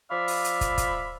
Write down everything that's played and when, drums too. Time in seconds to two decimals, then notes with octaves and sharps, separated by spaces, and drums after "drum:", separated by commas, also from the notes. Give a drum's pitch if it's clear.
0.11 F3 D5 E5 F5 B5
0.28 drum: open hi-hat
0.44 drum: hi-hat
0.61 drum: kick, hi-hat
0.78 drum: kick, hi-hat